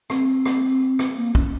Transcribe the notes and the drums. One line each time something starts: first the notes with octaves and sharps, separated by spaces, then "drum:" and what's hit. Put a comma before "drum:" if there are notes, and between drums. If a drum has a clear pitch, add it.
C4, drum: rim click
drum: rim click
drum: rim click
A#3
C#4, drum: kick